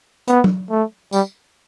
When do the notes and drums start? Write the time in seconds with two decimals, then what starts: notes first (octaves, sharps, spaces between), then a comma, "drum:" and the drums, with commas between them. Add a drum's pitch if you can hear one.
0.28 B3, drum: hi-hat
0.44 drum: tom F#3
0.70 A3
1.12 G3, drum: tambourine